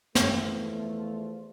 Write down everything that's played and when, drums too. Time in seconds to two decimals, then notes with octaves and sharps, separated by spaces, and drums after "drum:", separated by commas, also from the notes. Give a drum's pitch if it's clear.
0.15 E2 F3 A3 F4, drum: snare